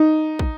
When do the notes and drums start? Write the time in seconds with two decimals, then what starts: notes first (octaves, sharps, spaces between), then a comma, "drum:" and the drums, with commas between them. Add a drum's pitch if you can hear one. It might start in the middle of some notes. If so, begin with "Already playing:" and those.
Already playing: D#4
0.39 drum: kick